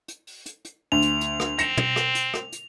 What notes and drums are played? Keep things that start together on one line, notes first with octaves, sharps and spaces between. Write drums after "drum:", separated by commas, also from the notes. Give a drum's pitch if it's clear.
drum: hi-hat
drum: open hi-hat
drum: hi-hat
drum: hi-hat
D2 F7
drum: hi-hat
drum: hi-hat
drum: rim click
C4 A#6 C#7 E7, drum: hi-hat
drum: tom
drum: rim click
drum: hi-hat
drum: rim click
drum: hi-hat